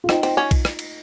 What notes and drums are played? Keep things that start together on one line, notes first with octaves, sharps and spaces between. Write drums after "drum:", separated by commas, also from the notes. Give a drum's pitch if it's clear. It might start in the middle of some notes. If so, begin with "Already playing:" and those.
F4
C4 D#4, drum: rim click
C4, drum: cymbal
C#4
drum: kick B1, cymbal
drum: rim click
drum: cymbal